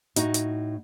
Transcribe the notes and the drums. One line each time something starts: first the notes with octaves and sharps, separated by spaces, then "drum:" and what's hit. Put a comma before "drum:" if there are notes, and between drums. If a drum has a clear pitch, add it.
A2 D#4 F#4, drum: hi-hat
drum: hi-hat